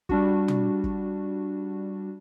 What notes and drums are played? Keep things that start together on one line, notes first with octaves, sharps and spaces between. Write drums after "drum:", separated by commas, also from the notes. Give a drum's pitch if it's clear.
G3 D4 F#4, drum: kick
drum: tom
drum: kick